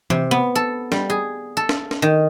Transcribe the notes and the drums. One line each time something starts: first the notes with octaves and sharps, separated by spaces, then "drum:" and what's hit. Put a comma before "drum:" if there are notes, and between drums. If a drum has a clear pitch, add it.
C3, drum: tom E3
B3
A4
G3, drum: snare
G#4
A4
drum: snare
drum: snare
D#3